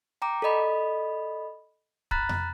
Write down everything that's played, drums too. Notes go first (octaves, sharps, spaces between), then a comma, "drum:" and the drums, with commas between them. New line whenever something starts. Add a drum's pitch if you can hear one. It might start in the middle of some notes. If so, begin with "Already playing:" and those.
G5 A#5 D6
A4 D5 D#5 B5
A#5 B5 F6 F#6 A6 B6, drum: kick
drum: tom F2